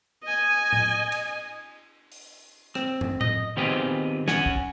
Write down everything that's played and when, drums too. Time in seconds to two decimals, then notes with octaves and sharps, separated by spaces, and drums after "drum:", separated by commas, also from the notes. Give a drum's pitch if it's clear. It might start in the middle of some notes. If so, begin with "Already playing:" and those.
0.24 D#5 G#5
0.73 drum: tom A2
1.12 drum: cymbal
2.12 drum: open hi-hat
2.75 C4, drum: rim click
3.01 drum: tom
3.21 D#5, drum: tom A2
3.57 D#3 B3 C4 F4 G4 G#4
4.28 C#4 F#5 G#5, drum: snare
4.46 drum: kick